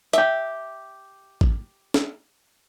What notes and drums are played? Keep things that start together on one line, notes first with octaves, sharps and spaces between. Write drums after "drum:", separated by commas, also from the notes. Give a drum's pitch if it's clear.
G4 E5, drum: hi-hat
drum: kick A1
drum: snare